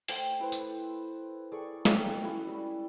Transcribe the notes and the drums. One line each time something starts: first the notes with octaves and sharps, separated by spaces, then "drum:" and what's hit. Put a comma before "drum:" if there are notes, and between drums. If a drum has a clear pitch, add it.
A3 C5 G5, drum: open hi-hat
E4 A4 B4 C5
drum: tambourine
G#4 A4 D5 C#6
C#4 G4 A4, drum: snare
C#4 E4 F#4
G3